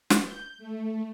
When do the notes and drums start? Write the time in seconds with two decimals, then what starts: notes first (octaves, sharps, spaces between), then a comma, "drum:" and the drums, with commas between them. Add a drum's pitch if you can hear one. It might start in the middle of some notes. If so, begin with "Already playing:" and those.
0.10 drum: snare
0.20 G6
0.58 A3